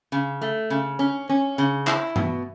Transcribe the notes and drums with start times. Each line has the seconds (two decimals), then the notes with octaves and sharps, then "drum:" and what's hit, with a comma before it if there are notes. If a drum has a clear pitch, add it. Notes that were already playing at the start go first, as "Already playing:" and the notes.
0.12 C#3
0.41 A3
0.70 C#3
0.99 C#4
1.29 C#4
1.58 C#3
1.87 E4, drum: clap
2.16 B2, drum: tom G2